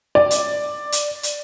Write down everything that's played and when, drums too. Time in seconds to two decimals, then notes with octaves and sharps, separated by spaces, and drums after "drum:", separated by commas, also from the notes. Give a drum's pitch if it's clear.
0.15 D5
0.31 drum: hi-hat
0.92 drum: hi-hat
1.23 drum: hi-hat